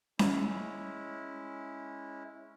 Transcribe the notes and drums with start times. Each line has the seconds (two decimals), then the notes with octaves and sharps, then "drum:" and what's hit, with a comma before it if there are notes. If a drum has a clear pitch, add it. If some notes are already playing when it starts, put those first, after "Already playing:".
0.19 G#3 C#4 E4, drum: snare C#4